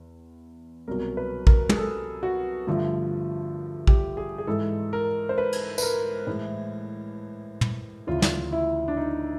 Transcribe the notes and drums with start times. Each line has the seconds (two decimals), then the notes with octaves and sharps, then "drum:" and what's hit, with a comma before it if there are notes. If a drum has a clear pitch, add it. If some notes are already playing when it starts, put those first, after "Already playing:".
Already playing: E2
0.88 C2 B2 F#3 A#4
1.17 B4
1.47 A#4, drum: kick
1.69 G#4, drum: tom
1.77 A4
2.23 F#4
2.67 G2 D3 F3 A3
3.87 G4, drum: kick
4.17 G#4
4.38 G#4
4.47 G#2 E3 G#3 A4
4.93 A#4
5.29 C5
5.38 B4
5.52 drum: cymbal
5.78 B4, drum: tambourine
5.83 A#4
6.27 A2 E3 G#3
7.61 drum: tom
8.07 D2 C#3 E3 F4
8.22 drum: snare
8.52 E4
8.88 D4
8.97 D#4